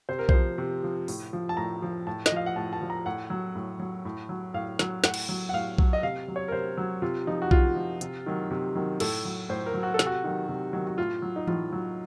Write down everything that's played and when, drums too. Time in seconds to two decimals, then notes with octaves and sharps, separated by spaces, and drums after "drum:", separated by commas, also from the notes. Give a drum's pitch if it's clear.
0.09 C3 C5
0.19 A#4
0.29 F3 C5, drum: kick B1
0.58 C3
0.83 F3
1.08 A2, drum: open hi-hat
1.33 F3
1.49 A5
1.57 A2 A#5
1.82 F3
2.07 A2 A5
2.26 D#5, drum: snare
2.32 F3 F5
2.46 F#5
2.56 A2 A5
2.73 A5
2.81 F3
2.90 A#5
3.06 A2 F#5
3.30 F#3
3.55 A2
3.80 F#3
4.05 A2
4.29 F#3
4.54 A2 F5
4.79 F#3, drum: snare
5.04 A2 F#5, drum: snare
5.14 drum: cymbal
5.29 F#3
5.49 F#5
5.53 A2 F5
5.78 F#3, drum: kick B1
5.93 D#5
6.03 C3 F5
6.28 F#3
6.36 C#5
6.48 A#4
6.52 C3 C5
6.78 F#3
7.02 C3 F4
7.27 F3 D#4
7.42 F#4
7.51 C3 F4, drum: kick B1
7.76 F3
8.01 C3, drum: hi-hat
8.26 D#3 F#3
8.51 C3
8.75 D#3 F#3
9.00 A2 A4, drum: cymbal
9.25 F#3
9.49 A2 C5
9.66 A#4
9.74 F#3
9.83 F#4
9.94 A4
9.99 C3, drum: snare
10.06 F#4
10.24 D#3 F#3
10.48 C3
10.73 D#3 F#3
10.87 F#4
10.98 A2 F4
11.22 F#3
11.36 D#4
11.48 A2 F4, drum: tom E3
11.73 F#3